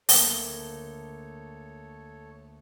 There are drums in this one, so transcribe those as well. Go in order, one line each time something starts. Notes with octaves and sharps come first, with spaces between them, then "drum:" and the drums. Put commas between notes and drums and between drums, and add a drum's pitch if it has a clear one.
D2 A#3 A4 C#5, drum: open hi-hat